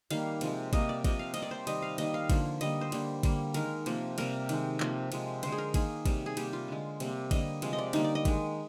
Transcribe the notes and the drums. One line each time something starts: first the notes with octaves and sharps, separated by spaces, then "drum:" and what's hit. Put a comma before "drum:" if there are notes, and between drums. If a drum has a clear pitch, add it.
D#3 G3 A#3 F5, drum: cymbal
C3 F3 G#3, drum: cymbal
C3 G3 A#3 D#5, drum: kick G#1, cymbal
D5
C3 F3 A#3 D#5, drum: kick G#1, cymbal
F5
C3 G3 A#3 D#5, drum: cymbal
D5
C5
C3 D#3 G3 D#5, drum: cymbal
F5
D#3 G3 A#3 D#5, drum: cymbal
F5
D3 F3 A#3, drum: kick G#1, cymbal
D3 G3 A#3 D#5, drum: cymbal
C5
D3 G3 A#3, drum: cymbal
D3 G3 A#3, drum: kick G#1, cymbal
D#3 G#3 A#4, drum: cymbal
C3 F3 A#3, drum: cymbal
C3 G3 A#3 A#4, drum: cymbal
D#3 G#3, drum: cymbal
C3 F3 A#3, drum: clap
C3 F3 G#3, drum: cymbal
D3 G#3 C5, drum: cymbal
G#4
A#4
D#3 A#3 G#4, drum: kick G#1, cymbal
C3 G3 A#3, drum: kick G#1, cymbal
G#4
C3 G3 A#3 G4, drum: cymbal
F4
D3 G#3
C3 G3 A#3, drum: cymbal
D3 G3 A#3 D#5, drum: kick G#1, cymbal
C3 F3 G#3, drum: cymbal
D#5
D5
D3 G3 A#3 D#4, drum: cymbal
D5
D#5
D#3 G#3, drum: kick G#1, cymbal